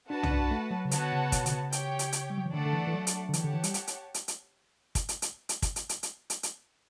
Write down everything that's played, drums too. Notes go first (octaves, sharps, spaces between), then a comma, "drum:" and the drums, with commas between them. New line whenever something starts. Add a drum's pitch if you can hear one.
D4 F#4 B4 F#5 A5
C#4, drum: tom
D4
A3
F#3
C#3
D3 B3 F#4 C#5 F#5 A5, drum: hi-hat
C#3
B2, drum: kick, hi-hat
D3, drum: hi-hat
C#3
G4 C#5 G5, drum: hi-hat
drum: hi-hat
drum: hi-hat
G3
F#3
E3
D3 A3 D4 A4 D5 F#5
D3
E3
E3
F#3
drum: hi-hat
D3
E3 G4 C#5 F#5 A5, drum: hi-hat
D3
E3
G3, drum: hi-hat
drum: hi-hat
drum: hi-hat
drum: hi-hat
drum: hi-hat
drum: kick, hi-hat
drum: hi-hat
drum: hi-hat
drum: hi-hat
drum: kick, hi-hat
drum: hi-hat
drum: hi-hat
drum: hi-hat
drum: hi-hat
drum: hi-hat